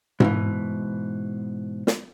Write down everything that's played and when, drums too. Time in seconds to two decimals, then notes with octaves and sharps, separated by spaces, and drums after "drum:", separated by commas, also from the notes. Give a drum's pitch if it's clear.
0.20 G#2 B2 E3, drum: tom G#2
1.87 drum: snare